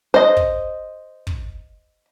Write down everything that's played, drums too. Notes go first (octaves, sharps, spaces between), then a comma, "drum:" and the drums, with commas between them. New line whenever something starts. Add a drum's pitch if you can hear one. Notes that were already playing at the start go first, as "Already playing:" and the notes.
C5 D#5
drum: kick
drum: kick